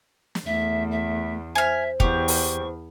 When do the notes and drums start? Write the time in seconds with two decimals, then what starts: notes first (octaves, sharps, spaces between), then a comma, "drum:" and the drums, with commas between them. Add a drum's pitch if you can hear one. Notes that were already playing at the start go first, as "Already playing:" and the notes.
0.35 drum: snare
0.46 E2 A3 E5
0.91 E5
1.55 C5 E5 G#5 F6
2.00 E2 G4 C#6, drum: kick
2.28 drum: open hi-hat